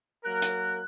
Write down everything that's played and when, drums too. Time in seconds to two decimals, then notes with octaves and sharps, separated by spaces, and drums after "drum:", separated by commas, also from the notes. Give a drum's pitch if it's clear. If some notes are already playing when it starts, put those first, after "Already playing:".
0.25 F#3 A#3 A#4 F#6
0.42 drum: hi-hat